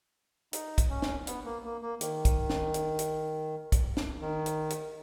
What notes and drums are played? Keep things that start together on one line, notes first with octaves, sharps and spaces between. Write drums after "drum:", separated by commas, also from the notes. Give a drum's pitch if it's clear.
D#4, drum: hi-hat
drum: kick, hi-hat
C#4
drum: snare
B3, drum: hi-hat
A#3
A#3
A#3
D#3, drum: hi-hat
drum: kick, hi-hat
drum: snare
drum: hi-hat
drum: hi-hat
drum: kick, hi-hat
drum: snare
D#3
drum: hi-hat
drum: hi-hat